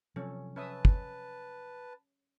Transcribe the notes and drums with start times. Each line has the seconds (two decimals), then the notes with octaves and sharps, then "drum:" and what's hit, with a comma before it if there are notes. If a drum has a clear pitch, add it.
0.16 C3 F3 F#3 C#4 A4
0.56 C#4 B4 E5 A5 D#6
0.85 drum: kick